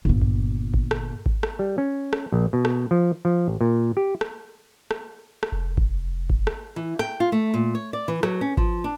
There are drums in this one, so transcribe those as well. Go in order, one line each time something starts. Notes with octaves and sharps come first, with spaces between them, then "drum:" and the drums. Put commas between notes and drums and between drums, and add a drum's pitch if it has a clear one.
G1 A#2
drum: kick G#1
drum: kick G#1
drum: rim click
drum: kick G#1
drum: rim click
G3
C#4
drum: rim click
A#1
B2
drum: rim click
F3
F3
A1
A#2
G4
drum: rim click
drum: rim click
drum: rim click
F1
drum: kick G#1
drum: kick G#1
drum: rim click
E3
G5, drum: rim click
F4
A3
A#2
C#5
D5
E3
F#3, drum: rim click
C#4
F3, drum: kick G#1
D4